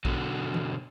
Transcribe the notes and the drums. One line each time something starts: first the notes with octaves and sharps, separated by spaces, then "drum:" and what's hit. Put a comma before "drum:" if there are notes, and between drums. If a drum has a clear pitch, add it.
B2 D3 F#3, drum: kick A#1
drum: tom E3